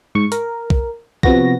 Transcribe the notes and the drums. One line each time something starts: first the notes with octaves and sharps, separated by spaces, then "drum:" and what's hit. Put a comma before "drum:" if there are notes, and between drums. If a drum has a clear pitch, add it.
G#2 C#6
A#4, drum: hi-hat
drum: kick
C3 F3 B3 F#4 A#6, drum: kick